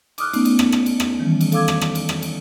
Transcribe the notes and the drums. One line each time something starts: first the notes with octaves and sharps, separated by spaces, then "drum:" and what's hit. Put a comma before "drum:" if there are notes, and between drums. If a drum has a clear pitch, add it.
D6 D#6 F6 F#6, drum: cymbal
A3 B3 C#4 D#4, drum: cymbal
drum: cymbal
drum: rim click
drum: rim click
drum: cymbal
drum: rim click
D#3 E3 G3 C#4
drum: cymbal
A4 F5 D6 E6 G#6, drum: cymbal
drum: rim click
drum: rim click
drum: cymbal
drum: rim click
drum: cymbal